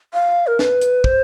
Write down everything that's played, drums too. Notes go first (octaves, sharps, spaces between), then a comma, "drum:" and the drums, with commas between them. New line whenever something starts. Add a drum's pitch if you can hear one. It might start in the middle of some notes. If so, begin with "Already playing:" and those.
F5
A#4
B4, drum: snare
drum: hi-hat
C5, drum: kick